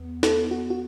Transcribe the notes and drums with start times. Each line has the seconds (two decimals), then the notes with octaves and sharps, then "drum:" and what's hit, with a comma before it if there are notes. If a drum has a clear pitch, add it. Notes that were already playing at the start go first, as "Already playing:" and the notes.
Already playing: E2 B3
0.23 A4, drum: snare
0.51 F#4
0.70 F#4